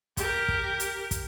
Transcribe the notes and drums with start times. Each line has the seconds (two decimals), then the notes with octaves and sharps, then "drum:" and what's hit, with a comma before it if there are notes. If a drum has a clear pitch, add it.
0.17 G4 A#4, drum: kick, hi-hat
0.48 drum: kick
0.80 drum: hi-hat
1.11 drum: kick, hi-hat